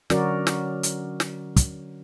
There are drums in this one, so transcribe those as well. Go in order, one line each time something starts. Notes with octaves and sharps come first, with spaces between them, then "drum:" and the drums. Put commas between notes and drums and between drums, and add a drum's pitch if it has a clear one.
D3 F#3 C#4 F#4 A#4 D5, drum: snare
drum: snare
drum: hi-hat
drum: snare
drum: kick, hi-hat